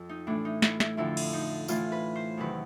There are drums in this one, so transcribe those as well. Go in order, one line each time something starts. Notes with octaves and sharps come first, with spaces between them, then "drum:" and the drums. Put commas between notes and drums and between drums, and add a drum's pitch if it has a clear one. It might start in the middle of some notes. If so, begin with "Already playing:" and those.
Already playing: F2
D#4
A2 E3 D4
D#4
E4, drum: snare
E4, drum: snare
F2 D3 F3 E4
drum: cymbal
D#4
A2 E3 F4, drum: tambourine
B4
C5
E2 C3 D#3 F#3 B4